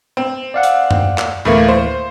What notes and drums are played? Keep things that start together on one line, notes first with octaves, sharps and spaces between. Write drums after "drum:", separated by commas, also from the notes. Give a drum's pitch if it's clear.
C4
D5 F5 F#5
drum: hi-hat
drum: tom F#2
drum: clap
D2 A2 E3 A3 A#3 F5
C5